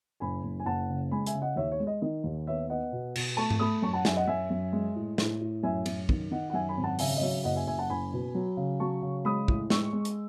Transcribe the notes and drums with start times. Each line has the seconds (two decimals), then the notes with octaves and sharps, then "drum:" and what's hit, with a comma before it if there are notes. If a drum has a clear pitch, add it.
0.20 F#1 G#5 B5
0.43 F#1
0.60 G#5
0.66 F#1 F#5 A5
0.89 C#3
1.11 G#3 G#5 B5
1.26 E5 G#5, drum: hi-hat
1.34 C#3
1.42 D#5 F#5
1.56 D#2 C#5 E5
1.72 C#5
1.80 G#3
1.87 D#5
2.02 D#3 D#5
2.24 D#2
2.47 B3 C#5 E5
2.70 B3 D#5 F#5
2.92 B2
3.15 B2, drum: cymbal
3.37 A3 A5 C#6
3.50 drum: tom G#2
3.60 A3 B5 D#6
3.82 F#2 A5 C#6
3.93 F#5 A5
4.05 F#2 E5 G#5, drum: snare
4.16 D#5 F#5
4.27 F#2 E5 G#5
4.50 F#2
4.73 G#3
4.96 A2
5.18 A2, drum: snare
5.41 A2
5.63 F#2 E5 G#5
5.86 F#2, drum: cymbal
6.09 D#3, drum: kick
6.31 D#3 D#5 F#5
6.50 F#5
6.54 F#2 E5 G#5
6.69 G#5 B5
6.77 G#1
6.84 F#5 A5
6.99 C#3 E5 G#5, drum: open hi-hat
7.17 D#5
7.21 F#3 C#5 E5
7.44 F#1 D#5 F#5
7.55 E5 G#5
7.67 F#1 E5 G#5
7.79 F#5 A5
7.90 F#1 G#5 B5
8.13 B2
8.35 F#3
8.57 C#3
8.80 F#3 A5 C#6
9.02 C#3
9.25 G#3 B5 D#6
9.48 A2, drum: kick
9.70 G#3 C#6 E6, drum: snare
9.93 G#3
10.05 drum: hi-hat